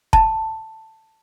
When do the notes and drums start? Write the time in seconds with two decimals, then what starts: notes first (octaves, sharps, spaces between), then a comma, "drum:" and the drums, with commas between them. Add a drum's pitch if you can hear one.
0.13 A5, drum: kick F1